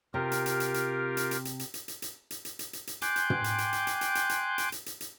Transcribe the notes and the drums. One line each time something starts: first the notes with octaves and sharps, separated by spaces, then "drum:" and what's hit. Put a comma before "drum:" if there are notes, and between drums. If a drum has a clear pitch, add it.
C3 F4 G4 A#4
drum: hi-hat
drum: hi-hat
drum: hi-hat
drum: hi-hat
drum: hi-hat
drum: hi-hat
drum: hi-hat
drum: hi-hat
drum: hi-hat
drum: hi-hat
drum: hi-hat
drum: hi-hat
drum: hi-hat
drum: hi-hat
drum: hi-hat
drum: hi-hat
G5 G#5 C6 D6 F#6 G6, drum: hi-hat
drum: hi-hat
drum: tom
drum: hi-hat
drum: hi-hat
drum: hi-hat
drum: hi-hat
drum: hi-hat
drum: hi-hat
drum: hi-hat
drum: hi-hat
drum: hi-hat
drum: hi-hat
drum: hi-hat